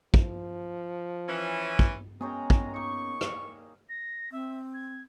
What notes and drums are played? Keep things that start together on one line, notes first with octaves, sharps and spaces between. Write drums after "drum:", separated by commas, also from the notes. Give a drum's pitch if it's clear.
F3, drum: kick
E3 C#4
drum: kick
F#2 G#3 B3 C#4 G#4 C#5 G5 A#5
drum: kick
A#3 D#4 C#6
drum: rim click
A#6
C4 E5
G#6